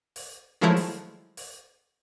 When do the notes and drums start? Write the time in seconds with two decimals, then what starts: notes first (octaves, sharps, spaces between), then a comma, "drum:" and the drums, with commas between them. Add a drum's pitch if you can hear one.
0.16 drum: open hi-hat
0.61 D#3 F3 F#3 G#3 A3 E4
0.77 drum: open hi-hat
1.37 drum: open hi-hat